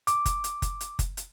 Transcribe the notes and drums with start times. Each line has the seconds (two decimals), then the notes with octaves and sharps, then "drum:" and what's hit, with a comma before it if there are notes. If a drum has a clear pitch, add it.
0.07 D6, drum: hi-hat
0.26 drum: kick F#1, hi-hat
0.44 drum: hi-hat
0.62 drum: kick F#1, hi-hat
0.81 drum: hi-hat
0.99 drum: kick F#1, hi-hat
1.17 drum: hi-hat